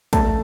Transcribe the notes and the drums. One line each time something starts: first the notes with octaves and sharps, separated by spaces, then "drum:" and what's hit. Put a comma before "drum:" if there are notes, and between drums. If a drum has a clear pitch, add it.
A3 A5, drum: kick, hi-hat